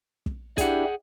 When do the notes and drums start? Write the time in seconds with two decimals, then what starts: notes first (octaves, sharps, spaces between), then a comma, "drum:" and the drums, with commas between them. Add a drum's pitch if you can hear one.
0.26 drum: kick
0.58 D4 E4 G4 G#4 F#5, drum: kick, hi-hat